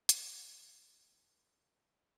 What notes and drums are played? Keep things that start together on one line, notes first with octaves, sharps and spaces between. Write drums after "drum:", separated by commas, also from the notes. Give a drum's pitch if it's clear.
A2, drum: hi-hat
D#3
F3
D#3